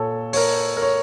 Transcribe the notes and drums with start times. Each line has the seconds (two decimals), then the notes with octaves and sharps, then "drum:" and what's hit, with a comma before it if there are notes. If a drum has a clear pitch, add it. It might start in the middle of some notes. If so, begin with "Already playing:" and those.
Already playing: A#2 A4 C#5
0.33 C#5, drum: open hi-hat
0.37 A#4
0.77 A#4
0.82 C#5